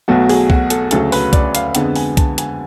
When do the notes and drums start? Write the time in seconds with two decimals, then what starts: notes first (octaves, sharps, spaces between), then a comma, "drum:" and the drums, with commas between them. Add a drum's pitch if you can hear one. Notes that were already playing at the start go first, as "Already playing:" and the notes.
0.08 B1 B2 F#3 A3 F#4
0.29 G#4, drum: open hi-hat
0.50 F#4, drum: kick C2
0.70 A4, drum: hi-hat
0.91 D2 C#3 F#3 A4, drum: hi-hat
1.12 B4, drum: open hi-hat
1.33 D5, drum: kick C2, hi-hat
1.55 F5, drum: hi-hat
1.75 F2 D3 G#3 B3 F#5, drum: hi-hat
1.95 G#5, drum: open hi-hat
2.17 A5, drum: kick C2, hi-hat
2.38 G#5, drum: hi-hat